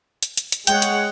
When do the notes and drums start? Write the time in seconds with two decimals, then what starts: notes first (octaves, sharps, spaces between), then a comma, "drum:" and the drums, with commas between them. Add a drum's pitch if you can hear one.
0.23 drum: hi-hat
0.37 drum: hi-hat
0.52 drum: hi-hat
0.67 G#3 C#5 F#5 G5, drum: hi-hat
0.82 drum: hi-hat